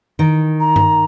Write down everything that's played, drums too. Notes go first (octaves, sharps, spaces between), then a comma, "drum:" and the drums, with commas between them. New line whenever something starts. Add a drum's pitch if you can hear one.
D#3
A#5
drum: tom G2